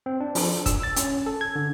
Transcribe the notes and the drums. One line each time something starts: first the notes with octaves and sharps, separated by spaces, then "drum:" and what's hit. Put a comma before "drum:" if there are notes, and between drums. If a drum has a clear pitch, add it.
C4
D4
F3, drum: open hi-hat
D4
E6, drum: kick, hi-hat
A6
C#4, drum: hi-hat
A4
G#6
D3